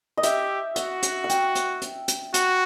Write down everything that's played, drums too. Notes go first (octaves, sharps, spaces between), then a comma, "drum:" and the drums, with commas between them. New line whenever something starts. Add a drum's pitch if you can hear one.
D#5
G4 E5, drum: hi-hat
F#4 F#5, drum: hi-hat
drum: hi-hat
F#5
G5, drum: hi-hat
drum: hi-hat
drum: hi-hat
drum: hi-hat
F#4, drum: hi-hat